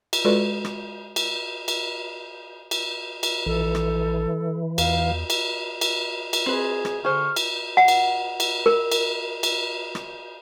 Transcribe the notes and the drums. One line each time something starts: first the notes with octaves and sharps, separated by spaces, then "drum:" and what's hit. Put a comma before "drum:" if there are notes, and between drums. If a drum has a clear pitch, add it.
drum: cymbal
G#3 F4 F#4 A4 B4 D5
drum: rim click
drum: cymbal
drum: cymbal
drum: cymbal
drum: cymbal
A#1 E3 A4
drum: rim click
E2 F5, drum: cymbal
drum: cymbal
drum: cymbal
drum: cymbal
C4 G#4 B4
drum: rim click
D3 G#4 C5 C#6 F6
drum: cymbal
F#5
drum: cymbal
drum: cymbal
A#4
drum: cymbal
drum: cymbal
drum: rim click